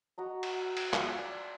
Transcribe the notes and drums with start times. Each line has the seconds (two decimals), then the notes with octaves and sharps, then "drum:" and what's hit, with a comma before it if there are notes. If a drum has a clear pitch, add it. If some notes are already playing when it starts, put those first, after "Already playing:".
0.18 F#4 D#5 A#5
0.43 drum: cymbal
0.77 drum: cymbal
0.94 F4, drum: clap
1.18 D5